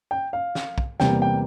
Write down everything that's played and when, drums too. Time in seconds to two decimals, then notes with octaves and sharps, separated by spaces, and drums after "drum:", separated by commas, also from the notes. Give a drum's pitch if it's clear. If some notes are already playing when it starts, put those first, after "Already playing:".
0.11 G5
0.33 F5
0.55 drum: snare
0.78 drum: kick
1.00 E2 C3 G3 A#3 G5, drum: snare
1.22 G5